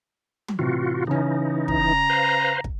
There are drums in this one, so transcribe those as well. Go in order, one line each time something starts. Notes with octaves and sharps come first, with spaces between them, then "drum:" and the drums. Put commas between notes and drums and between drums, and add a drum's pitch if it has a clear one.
drum: tom
A2 C3 E3 F4 F#4
C#3 E3 C#4 D#4
A#5, drum: kick
B4 C5 F5
drum: kick